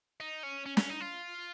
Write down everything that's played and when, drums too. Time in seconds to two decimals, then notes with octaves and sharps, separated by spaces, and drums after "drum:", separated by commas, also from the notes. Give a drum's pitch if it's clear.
0.20 D#4
0.43 C#4
0.66 C#4
0.77 C#4, drum: snare
0.89 D#4
1.00 F4